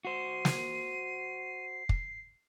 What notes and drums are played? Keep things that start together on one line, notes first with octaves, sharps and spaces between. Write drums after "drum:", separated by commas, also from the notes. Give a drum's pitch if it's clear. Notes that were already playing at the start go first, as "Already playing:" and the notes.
F#4 C5 C7 D#7
drum: snare
drum: kick